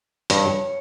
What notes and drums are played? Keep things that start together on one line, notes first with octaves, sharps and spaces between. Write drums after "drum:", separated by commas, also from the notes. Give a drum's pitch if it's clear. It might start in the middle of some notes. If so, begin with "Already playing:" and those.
G2 C#5, drum: hi-hat